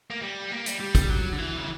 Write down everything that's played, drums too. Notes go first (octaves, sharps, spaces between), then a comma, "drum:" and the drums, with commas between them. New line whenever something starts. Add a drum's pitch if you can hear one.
A#3
G3
A#3
G3, drum: hi-hat
G3
drum: kick, hi-hat
F#3
D3
E3
C#3